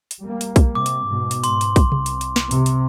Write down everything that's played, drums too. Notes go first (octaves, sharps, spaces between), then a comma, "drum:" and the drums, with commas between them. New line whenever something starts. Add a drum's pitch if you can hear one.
drum: hi-hat
G3 A#3
drum: hi-hat
drum: kick, hi-hat
C3 D6
drum: hi-hat
G#2 B2
drum: hi-hat
G#2 C6, drum: hi-hat
drum: hi-hat
drum: kick, hi-hat
C2, drum: tom C3
drum: hi-hat
drum: hi-hat
drum: snare
C3, drum: hi-hat
drum: hi-hat